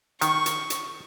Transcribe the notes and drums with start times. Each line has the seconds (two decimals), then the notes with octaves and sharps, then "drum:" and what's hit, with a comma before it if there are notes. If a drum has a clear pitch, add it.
0.21 D#3 C#6, drum: hi-hat
0.46 drum: hi-hat
0.70 drum: hi-hat